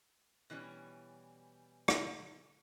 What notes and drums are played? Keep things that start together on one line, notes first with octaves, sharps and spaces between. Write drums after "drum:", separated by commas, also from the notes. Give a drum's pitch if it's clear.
B2 E3 G3 C#4
drum: rim click